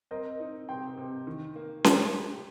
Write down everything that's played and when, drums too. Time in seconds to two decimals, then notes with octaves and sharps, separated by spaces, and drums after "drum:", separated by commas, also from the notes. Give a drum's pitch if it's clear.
0.11 C4 A#4 D#5
0.40 D#4
0.69 C3 G5 C6
0.98 C3
1.27 D#3
1.55 A#3
1.84 G3 G5 C6, drum: snare C#4
2.14 G4